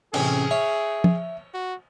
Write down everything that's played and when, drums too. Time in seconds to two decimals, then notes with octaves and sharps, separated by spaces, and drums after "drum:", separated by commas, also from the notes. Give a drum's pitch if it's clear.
0.14 A1 C3 C#4 G#4, drum: cymbal
0.51 C#5 E5
1.04 drum: tom F3
1.54 F#4